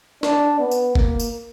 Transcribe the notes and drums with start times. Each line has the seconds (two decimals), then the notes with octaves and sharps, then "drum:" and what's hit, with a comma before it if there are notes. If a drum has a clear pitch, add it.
0.23 D4, drum: snare
0.59 B3
0.71 drum: tambourine
0.95 A#3, drum: kick
1.20 drum: tambourine